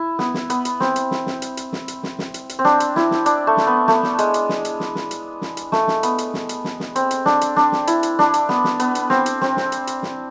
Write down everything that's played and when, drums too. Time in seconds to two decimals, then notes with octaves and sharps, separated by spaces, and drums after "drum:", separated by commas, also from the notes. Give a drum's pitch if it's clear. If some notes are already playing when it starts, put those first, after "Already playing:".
Already playing: E4
0.19 B3, drum: snare
0.34 drum: snare
0.50 B3, drum: hi-hat
0.65 drum: hi-hat
0.80 C4, drum: snare
0.96 drum: hi-hat
1.11 drum: snare
1.26 drum: snare
1.42 drum: hi-hat
1.57 drum: hi-hat
1.73 drum: snare
1.88 drum: hi-hat
2.03 drum: snare
2.19 drum: snare
2.34 drum: hi-hat
2.49 drum: hi-hat
2.59 C4
2.65 D4, drum: snare
2.80 drum: hi-hat
2.96 E4, drum: snare
3.11 drum: snare
3.26 D4, drum: hi-hat
3.47 A3
3.57 drum: snare
3.67 B3
3.88 A3, drum: snare
4.03 drum: snare
4.18 G#3, drum: hi-hat
4.34 drum: hi-hat
4.49 drum: snare
4.65 drum: hi-hat
4.80 drum: snare
4.95 drum: snare
5.11 drum: hi-hat
5.42 drum: snare
5.57 drum: hi-hat
5.72 A3, drum: snare
5.88 drum: snare
6.03 B3, drum: hi-hat
6.18 drum: hi-hat
6.34 drum: snare
6.49 drum: hi-hat
6.64 drum: snare
6.80 drum: snare
6.96 C4, drum: hi-hat
7.11 drum: hi-hat
7.26 D4, drum: snare
7.41 drum: hi-hat
7.56 D4, drum: snare
7.72 drum: snare
7.87 E4, drum: hi-hat
8.03 drum: hi-hat
8.19 D4, drum: snare
8.34 drum: hi-hat
8.49 B3, drum: snare
8.64 drum: snare
8.80 B3, drum: hi-hat
8.95 drum: hi-hat
9.10 C4, drum: snare
9.26 drum: hi-hat
9.41 C4, drum: snare
9.57 drum: snare
9.72 drum: hi-hat
9.87 drum: hi-hat
10.03 drum: snare